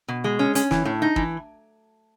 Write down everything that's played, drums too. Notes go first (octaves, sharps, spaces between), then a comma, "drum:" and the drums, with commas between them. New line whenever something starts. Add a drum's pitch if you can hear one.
B2
G#3
C#4
C#4, drum: hi-hat
E3, drum: snare
A2
D#4
E3, drum: kick